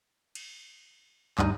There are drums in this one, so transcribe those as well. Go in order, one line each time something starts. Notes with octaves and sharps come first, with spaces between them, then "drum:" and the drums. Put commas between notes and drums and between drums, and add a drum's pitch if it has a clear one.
drum: cymbal
D2 G2 D#4, drum: clap